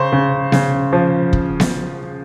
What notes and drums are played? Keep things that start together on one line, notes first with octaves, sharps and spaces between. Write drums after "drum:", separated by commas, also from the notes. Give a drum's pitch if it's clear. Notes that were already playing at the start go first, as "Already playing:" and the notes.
Already playing: C#3 C5
C#3
C#3, drum: snare B3
F3
drum: kick
drum: snare B3